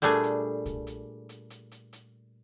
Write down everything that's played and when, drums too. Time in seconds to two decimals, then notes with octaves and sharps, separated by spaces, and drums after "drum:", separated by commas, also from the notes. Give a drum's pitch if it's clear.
0.02 A#2 G3 A3 D4 G#4, drum: hi-hat
0.23 drum: hi-hat
0.66 drum: kick, hi-hat
0.87 drum: hi-hat
1.29 drum: hi-hat
1.50 drum: hi-hat
1.71 drum: hi-hat
1.93 drum: hi-hat